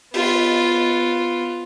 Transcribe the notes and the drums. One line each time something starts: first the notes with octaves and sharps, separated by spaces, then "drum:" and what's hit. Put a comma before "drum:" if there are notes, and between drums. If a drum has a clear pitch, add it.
B3 F4, drum: open hi-hat